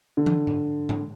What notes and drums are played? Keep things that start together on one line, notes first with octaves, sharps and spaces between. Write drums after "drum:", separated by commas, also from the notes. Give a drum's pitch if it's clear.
D3
drum: tom
drum: tom G#2
drum: tom G#2